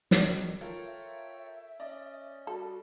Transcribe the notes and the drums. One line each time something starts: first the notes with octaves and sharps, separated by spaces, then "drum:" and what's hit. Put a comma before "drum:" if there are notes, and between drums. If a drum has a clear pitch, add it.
F2 B2 D#3, drum: snare
F4 A4 A#4 C#5 G5
E5
C#4 D5 D#5
G3 F#4 A4